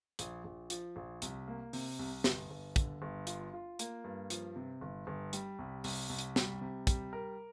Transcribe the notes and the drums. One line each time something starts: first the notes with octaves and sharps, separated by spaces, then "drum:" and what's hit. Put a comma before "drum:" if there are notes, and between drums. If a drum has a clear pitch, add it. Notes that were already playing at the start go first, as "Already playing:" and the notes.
A#1, drum: hi-hat
A#1
F3, drum: hi-hat
A#1
C2, drum: hi-hat
A#3
C3, drum: open hi-hat
C2
G1, drum: snare
G1
D3, drum: kick, hi-hat
G1
F4, drum: hi-hat
F4
A#3, drum: hi-hat
G2
F3, drum: hi-hat
C3
G1
G1
G3, drum: hi-hat
C2
C2, drum: open hi-hat
C2
drum: hi-hat
G3, drum: snare
C3
G3, drum: kick, hi-hat
A#4